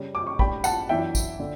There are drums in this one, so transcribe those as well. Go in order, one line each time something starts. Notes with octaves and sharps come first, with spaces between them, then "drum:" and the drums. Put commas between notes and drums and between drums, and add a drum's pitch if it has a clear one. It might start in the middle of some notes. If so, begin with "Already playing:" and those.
Already playing: C#3 G3 C#4
D6
C#6
A2 G3 D4 G5 B5, drum: kick
F#5 A5, drum: tambourine
F#2 E3 B3 D4 E5 G5
drum: kick, tambourine
D3